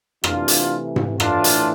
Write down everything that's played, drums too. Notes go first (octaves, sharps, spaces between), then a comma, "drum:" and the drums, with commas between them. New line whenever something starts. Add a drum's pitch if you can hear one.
C3 E3 A3 D4 F4, drum: rim click
drum: hi-hat
drum: tom G#2
A2 E3 A3 D4 F4, drum: rim click
drum: hi-hat